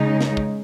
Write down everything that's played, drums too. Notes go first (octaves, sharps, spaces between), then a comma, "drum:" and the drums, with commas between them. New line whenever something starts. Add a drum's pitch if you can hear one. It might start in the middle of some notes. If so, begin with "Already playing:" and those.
Already playing: C#3 G#3 D#4
drum: snare
drum: kick